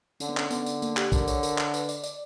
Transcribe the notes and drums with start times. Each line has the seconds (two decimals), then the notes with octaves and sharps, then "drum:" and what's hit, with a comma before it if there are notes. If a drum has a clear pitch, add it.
0.20 D3 C#4, drum: tambourine
0.29 B3
0.37 C#4, drum: clap
0.51 D3 B3, drum: tambourine
0.66 drum: tambourine
0.82 A#3, drum: tambourine
0.97 G4, drum: clap
1.12 D3 A#4, drum: kick A1, tambourine
1.28 C#5, drum: tambourine
1.43 A#4, drum: tambourine
1.58 drum: clap
1.74 B4, drum: tambourine
1.89 D5, drum: tambourine
2.03 D5, drum: tambourine